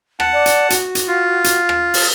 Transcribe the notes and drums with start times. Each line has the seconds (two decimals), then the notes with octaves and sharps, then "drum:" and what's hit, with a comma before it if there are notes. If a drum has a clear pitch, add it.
0.20 F#5 A5, drum: rim click
0.33 D5
0.46 drum: hi-hat
0.70 F#4, drum: hi-hat
0.95 drum: hi-hat
1.08 F4
1.44 drum: hi-hat
1.69 drum: rim click
1.94 drum: open hi-hat